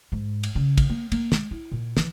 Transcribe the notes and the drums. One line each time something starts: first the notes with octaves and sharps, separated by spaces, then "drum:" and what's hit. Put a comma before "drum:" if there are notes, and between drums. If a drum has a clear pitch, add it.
G#2
drum: cymbal
C#3
drum: kick, cymbal
A#3
A#3, drum: cymbal
G#3, drum: snare
E4
A#2
E3, drum: snare